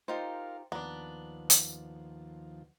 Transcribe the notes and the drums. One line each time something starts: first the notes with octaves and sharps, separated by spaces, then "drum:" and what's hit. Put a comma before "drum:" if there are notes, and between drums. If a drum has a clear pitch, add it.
D#4 F4 G4 A#4 C5 F5
D#2 F3 B3 D4 A#5
drum: hi-hat